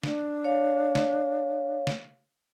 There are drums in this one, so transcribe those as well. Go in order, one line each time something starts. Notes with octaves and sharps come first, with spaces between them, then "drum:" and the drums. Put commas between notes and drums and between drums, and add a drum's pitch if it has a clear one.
D4, drum: snare
C#5 F5
drum: snare
drum: snare